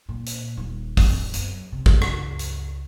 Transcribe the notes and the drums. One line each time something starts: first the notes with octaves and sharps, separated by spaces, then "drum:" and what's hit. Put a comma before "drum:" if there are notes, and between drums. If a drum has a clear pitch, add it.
A#2
drum: hi-hat
D#1
drum: kick, open hi-hat
F#2, drum: hi-hat
C3
drum: kick
C#2, drum: rim click
drum: hi-hat